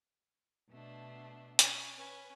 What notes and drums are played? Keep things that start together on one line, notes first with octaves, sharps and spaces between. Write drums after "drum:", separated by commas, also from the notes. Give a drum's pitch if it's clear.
B2 A3 D4
C#4 G#5, drum: hi-hat
C#4 B4